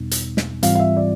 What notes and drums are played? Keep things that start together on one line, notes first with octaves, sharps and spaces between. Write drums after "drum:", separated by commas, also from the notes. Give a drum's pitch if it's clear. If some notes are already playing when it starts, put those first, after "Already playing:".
Already playing: E2 B2 G3 B3 D#4
drum: hi-hat
drum: snare
G#2 E3 G3 C4 F4 F5, drum: hi-hat
F5
E5
D5